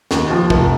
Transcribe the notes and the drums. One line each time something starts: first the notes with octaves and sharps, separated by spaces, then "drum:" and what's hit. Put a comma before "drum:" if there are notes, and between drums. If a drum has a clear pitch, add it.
D#2, drum: snare
F3
F1, drum: kick